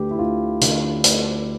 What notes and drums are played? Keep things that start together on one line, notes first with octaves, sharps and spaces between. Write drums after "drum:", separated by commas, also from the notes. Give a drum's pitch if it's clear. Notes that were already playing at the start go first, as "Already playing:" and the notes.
Already playing: D2 D3 A3 D4 G4 B4
E4
D2 F4
D3 A3 D4, drum: hi-hat
D2 D5, drum: hi-hat